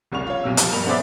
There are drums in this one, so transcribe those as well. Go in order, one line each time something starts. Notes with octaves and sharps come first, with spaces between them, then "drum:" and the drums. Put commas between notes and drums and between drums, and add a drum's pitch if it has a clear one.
F1 C2 C#3 C#6 F7
F4 C#5
B1 C3 E6
F3 G4, drum: hi-hat
G2 A#3 F7
B3 C#4 G#4 C5 D5 E5